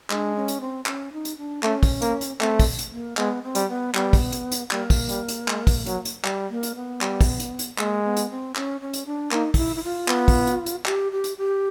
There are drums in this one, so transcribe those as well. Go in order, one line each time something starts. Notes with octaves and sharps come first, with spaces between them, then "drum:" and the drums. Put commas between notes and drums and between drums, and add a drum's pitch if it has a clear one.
G#3 D4, drum: clap
C#4
drum: hi-hat
C4
C#4, drum: clap
D#4
drum: hi-hat
D4
A3 C#4, drum: clap
drum: kick, open hi-hat
A#3, drum: hi-hat
drum: hi-hat
A3 C4, drum: clap
drum: kick, open hi-hat
drum: hi-hat
A#3
G#3 B3, drum: clap
C4
G3, drum: hi-hat
B3
G3 B3, drum: clap
drum: kick, open hi-hat
drum: hi-hat
drum: hi-hat
G3 A#3, drum: clap
drum: kick, open hi-hat
G3, drum: hi-hat
drum: hi-hat
G#3, drum: clap
drum: kick, open hi-hat
F#3, drum: hi-hat
drum: hi-hat
G3, drum: clap
A#3
drum: hi-hat
B3
G3, drum: clap
drum: kick, open hi-hat
drum: hi-hat
drum: hi-hat
G#3 A#3, drum: clap
B3
drum: hi-hat
C4
C#4, drum: clap
C#4
drum: hi-hat
D4
A#3 D#4, drum: clap
D#4, drum: kick, open hi-hat
E4
E4
F4
B3, drum: clap
drum: kick, open hi-hat
drum: hi-hat
drum: hi-hat
G4, drum: clap
G4
drum: hi-hat
G4